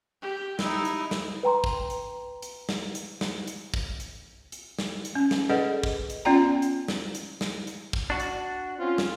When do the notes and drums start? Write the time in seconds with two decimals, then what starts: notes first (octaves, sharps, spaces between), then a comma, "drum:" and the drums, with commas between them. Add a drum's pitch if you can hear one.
0.21 G4
0.59 D#4 E4, drum: snare
0.85 drum: hi-hat
1.11 drum: snare
1.43 B4 G5 A#5 C6
1.64 drum: kick
1.90 drum: hi-hat
2.42 drum: hi-hat
2.69 drum: snare
2.95 drum: hi-hat
3.21 drum: snare
3.47 drum: hi-hat
3.74 drum: kick
4.00 drum: hi-hat
4.52 drum: hi-hat
4.79 drum: snare
5.05 drum: hi-hat
5.15 C#4
5.31 drum: snare
5.50 G#4 A4 B4 D5 D#5 F#5
5.83 drum: kick
6.10 drum: hi-hat
6.25 B3 C#4 F4 D5 G5 A#5
6.62 drum: hi-hat
6.88 drum: snare
7.15 drum: hi-hat
7.41 drum: snare
7.67 drum: hi-hat
7.93 drum: kick
8.10 D4 F#4
8.20 drum: hi-hat
8.78 C4 C#4 F4
8.98 drum: snare